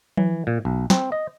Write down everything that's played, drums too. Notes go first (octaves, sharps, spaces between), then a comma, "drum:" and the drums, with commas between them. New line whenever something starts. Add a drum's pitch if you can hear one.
E3, drum: tom F3
A#2
B1
C4, drum: snare
D#5